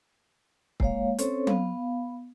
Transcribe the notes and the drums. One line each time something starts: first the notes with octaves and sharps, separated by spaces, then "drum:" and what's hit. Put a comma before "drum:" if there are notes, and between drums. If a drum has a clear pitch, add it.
G#3 A#3 C#5 F5, drum: kick
C4 C#4 A4 C5 C#5, drum: hi-hat
B3 F5, drum: tom F#3